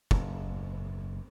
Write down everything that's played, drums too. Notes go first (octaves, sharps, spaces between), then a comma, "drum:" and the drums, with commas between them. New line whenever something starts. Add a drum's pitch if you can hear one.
F#1, drum: kick